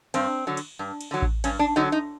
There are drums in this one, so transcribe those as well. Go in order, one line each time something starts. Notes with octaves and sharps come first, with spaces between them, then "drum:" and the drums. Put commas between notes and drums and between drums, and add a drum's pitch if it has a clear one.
G2 C4, drum: cymbal
D3 F#3
drum: cymbal
G2
drum: cymbal
D3 F#3
drum: kick A1
G2 C#4, drum: cymbal
D4
D3 F#3 D#4
D#4